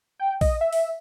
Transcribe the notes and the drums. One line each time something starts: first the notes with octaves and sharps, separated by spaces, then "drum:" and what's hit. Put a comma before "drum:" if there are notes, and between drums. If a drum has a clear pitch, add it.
G5
D#5, drum: kick, open hi-hat
E5
drum: open hi-hat